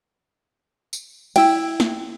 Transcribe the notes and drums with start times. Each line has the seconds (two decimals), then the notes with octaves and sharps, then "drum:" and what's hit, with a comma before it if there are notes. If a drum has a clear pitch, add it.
0.93 drum: tambourine
1.36 E4 G5, drum: cymbal
1.80 drum: snare